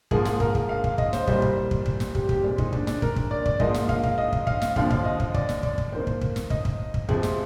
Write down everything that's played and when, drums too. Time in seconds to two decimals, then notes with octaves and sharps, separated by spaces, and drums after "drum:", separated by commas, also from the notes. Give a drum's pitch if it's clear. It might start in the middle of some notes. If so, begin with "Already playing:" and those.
0.11 G#2 F3 A#3 G#4, drum: kick
0.25 G#4, drum: snare
0.40 A#4, drum: kick
0.55 drum: kick
0.69 F5
0.84 drum: kick
0.98 D#5, drum: kick
1.13 C5, drum: snare
1.27 C2 A#2 G3 C5, drum: kick
1.42 drum: kick
1.71 drum: kick
1.86 drum: kick
2.00 drum: snare
2.15 G4, drum: kick
2.29 G4, drum: kick
2.44 A#2 G#3 C4
2.58 D#4, drum: kick
2.73 D4, drum: kick
2.87 D4, drum: snare
3.02 A#4, drum: kick
3.16 drum: kick
3.31 D5
3.46 D5, drum: kick
3.60 G#2 F3 A#3 D#5, drum: kick
3.74 drum: snare
3.89 F5, drum: kick
4.03 drum: kick
4.18 D#5
4.33 drum: kick
4.47 F5, drum: kick
4.62 drum: snare
4.76 D#2 D3 F3 C4 F5, drum: kick
4.90 F5, drum: kick
5.05 D#5
5.20 drum: kick
5.34 D5, drum: kick
5.49 drum: snare
5.63 D5, drum: kick
5.78 drum: kick
5.92 F2 D#3 A#3 C5
6.07 drum: kick
6.21 drum: kick
6.36 drum: snare
6.50 D#5, drum: kick
6.65 drum: kick
6.94 drum: kick
7.09 F2 C3 F3 C4 G#4, drum: kick
7.23 drum: snare